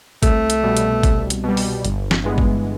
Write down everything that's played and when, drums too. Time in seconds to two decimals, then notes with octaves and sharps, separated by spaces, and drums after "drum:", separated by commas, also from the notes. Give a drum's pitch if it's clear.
0.23 C2 A3, drum: kick, hi-hat
0.50 drum: hi-hat
0.63 B2 G3
0.77 drum: hi-hat
1.03 C2, drum: kick, hi-hat
1.30 drum: hi-hat
1.44 B2 G3
1.57 drum: open hi-hat
1.85 G1, drum: hi-hat
2.11 drum: snare
2.24 G2 E3 G#3 B3
2.38 drum: kick